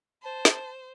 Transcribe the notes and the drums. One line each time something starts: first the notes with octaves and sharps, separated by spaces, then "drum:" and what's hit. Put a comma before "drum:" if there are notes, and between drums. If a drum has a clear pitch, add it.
C5 A5
drum: snare